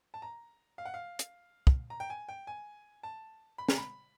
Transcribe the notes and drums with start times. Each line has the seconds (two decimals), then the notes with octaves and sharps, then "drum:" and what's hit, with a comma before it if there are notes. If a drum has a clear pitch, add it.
0.14 A5
0.22 A#5
0.78 F5
0.85 F#5
0.94 F5
1.19 drum: hi-hat
1.67 drum: kick
1.90 A#5
2.00 G5
2.10 G#5
2.29 G5
2.47 G#5
3.03 A5
3.58 B5
3.69 A#5, drum: snare
3.78 B5